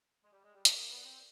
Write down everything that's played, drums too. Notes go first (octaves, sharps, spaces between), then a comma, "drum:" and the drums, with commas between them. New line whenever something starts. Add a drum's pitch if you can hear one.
G#3
G3 D5
G#3
G3 G4
F#3, drum: hi-hat
A#3 A#4
B3
D5
C4